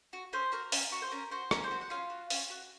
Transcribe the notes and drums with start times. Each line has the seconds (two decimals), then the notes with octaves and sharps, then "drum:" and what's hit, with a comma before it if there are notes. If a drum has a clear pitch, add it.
0.13 F#4
0.33 C#4 C5
0.52 F#4 A#4
0.72 C#4, drum: open hi-hat
0.92 F#4
1.02 C5
1.11 C#4 A#4
1.31 F#4 C5
1.51 C#4 A#4, drum: rim click
1.64 C5
1.71 F#4
1.81 F#5
1.90 C#4 F4 F5
2.10 F#4
2.30 C#4, drum: open hi-hat
2.50 F#4